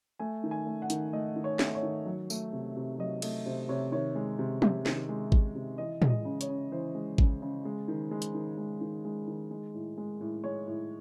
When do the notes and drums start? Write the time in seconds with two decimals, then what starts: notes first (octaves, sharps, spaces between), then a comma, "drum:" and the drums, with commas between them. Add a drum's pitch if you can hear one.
0.19 A3 G#5
0.44 D#3
0.51 G#5
0.66 A3
0.82 F#5
0.90 D#3, drum: hi-hat
1.13 A3 D#5
1.36 D#3
1.44 C#5
1.59 A3, drum: snare
1.75 C#5
1.83 D#3
2.06 F#3
2.30 A3, drum: tambourine
2.53 C3
2.76 C3
2.99 F#3 D#5
3.22 A3 D#5, drum: cymbal
3.46 C3 C5
3.69 C3 C#5
3.92 D#3 C#5
4.15 G#3
4.39 C3
4.62 C3, drum: tom
4.86 D#3, drum: snare
5.09 G#3
5.32 C3, drum: kick
5.55 C3
5.78 E3 D#5
6.02 G#3, drum: tom
6.10 D#5
6.25 C#3
6.41 C#5, drum: hi-hat
6.48 C#3
6.72 E3 C5
6.95 G#3
7.18 C#3, drum: kick
7.42 C#3
7.65 G#3
7.88 D#3
8.11 G#3
8.22 drum: hi-hat
8.34 D#3
8.58 G#3
8.81 D#3
9.05 G#3
9.28 D#3
9.51 G#3
9.74 A2
9.98 G#3
10.21 A2
10.44 G#3 C#5
10.67 A2